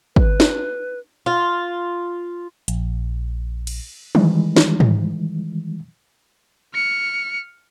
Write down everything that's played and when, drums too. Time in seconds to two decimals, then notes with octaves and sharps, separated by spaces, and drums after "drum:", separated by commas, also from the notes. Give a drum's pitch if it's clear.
0.16 B4, drum: kick
0.40 drum: snare
1.26 F4
2.68 A#1, drum: hi-hat
3.67 drum: cymbal
4.15 D#3 E3 G3 G#3, drum: tom E3
4.57 drum: snare
4.80 drum: tom G#2
6.74 F6 C#7